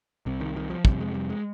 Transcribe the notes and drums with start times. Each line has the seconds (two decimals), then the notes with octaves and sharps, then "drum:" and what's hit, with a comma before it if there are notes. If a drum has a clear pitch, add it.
0.26 C2 C3
0.40 D#3
0.56 D#3
0.70 F3
0.85 F2 C3 G3, drum: kick
1.00 G#3
1.14 G3
1.30 G#3